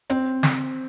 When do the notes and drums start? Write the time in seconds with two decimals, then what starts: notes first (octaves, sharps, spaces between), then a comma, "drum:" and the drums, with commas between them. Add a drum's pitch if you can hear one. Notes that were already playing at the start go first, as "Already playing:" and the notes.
0.10 C4, drum: hi-hat
0.43 drum: snare